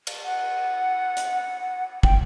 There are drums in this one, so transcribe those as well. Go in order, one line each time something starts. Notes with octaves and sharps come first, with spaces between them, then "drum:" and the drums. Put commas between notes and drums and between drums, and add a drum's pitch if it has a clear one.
drum: cymbal
F#5
drum: hi-hat
G5, drum: kick